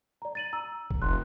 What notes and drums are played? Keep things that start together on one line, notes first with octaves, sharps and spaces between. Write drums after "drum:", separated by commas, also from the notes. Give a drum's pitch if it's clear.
D5 A#5
A6 D#7 F#7
A#5 E6
drum: kick A#1
F1 C6 F#6